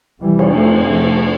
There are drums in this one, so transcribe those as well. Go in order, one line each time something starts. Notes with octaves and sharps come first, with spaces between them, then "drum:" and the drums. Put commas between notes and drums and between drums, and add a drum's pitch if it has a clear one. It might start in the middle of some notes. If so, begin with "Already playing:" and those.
F2 C3 E3 G3
drum: cymbal
F3 A3
F3 A3